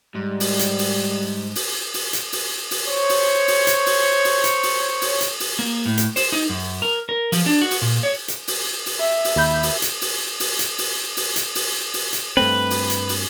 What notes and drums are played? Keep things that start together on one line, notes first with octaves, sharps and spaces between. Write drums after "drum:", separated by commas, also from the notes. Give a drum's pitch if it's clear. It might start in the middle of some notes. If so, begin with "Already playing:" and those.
G#2 G3
drum: open hi-hat
drum: hi-hat
drum: open hi-hat
drum: open hi-hat
drum: open hi-hat
drum: hi-hat
drum: open hi-hat
drum: open hi-hat
C5 C#5
drum: open hi-hat
drum: open hi-hat
drum: hi-hat
drum: open hi-hat
drum: open hi-hat
drum: hi-hat
drum: open hi-hat
drum: open hi-hat
drum: hi-hat
drum: open hi-hat
A#3
A2
drum: hi-hat
C5, drum: open hi-hat
D#4
F#2
A#4
A#4
F3, drum: open hi-hat
D4
F#4
drum: open hi-hat
A#2
C#5
drum: hi-hat
drum: open hi-hat
drum: open hi-hat
E5
drum: open hi-hat
D#2 B5 G6
drum: open hi-hat
drum: hi-hat
drum: open hi-hat
drum: open hi-hat
drum: hi-hat
drum: open hi-hat
drum: open hi-hat
drum: hi-hat
drum: open hi-hat
drum: open hi-hat
drum: hi-hat
G2 A3 C4 B4
drum: open hi-hat
drum: hi-hat
drum: open hi-hat